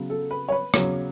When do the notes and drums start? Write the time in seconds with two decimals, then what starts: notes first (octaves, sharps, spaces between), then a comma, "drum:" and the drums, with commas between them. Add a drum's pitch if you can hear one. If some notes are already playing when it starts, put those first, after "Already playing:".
Already playing: C#3 F#3 B3
0.10 A4
0.31 B4
0.49 C#5
0.52 B4
0.74 C#3 F#3 B3 C#5, drum: rim click